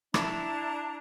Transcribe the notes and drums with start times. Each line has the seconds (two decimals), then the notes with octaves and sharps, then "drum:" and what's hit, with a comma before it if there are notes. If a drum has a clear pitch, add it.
0.14 D4 E4 A5 A#5, drum: rim click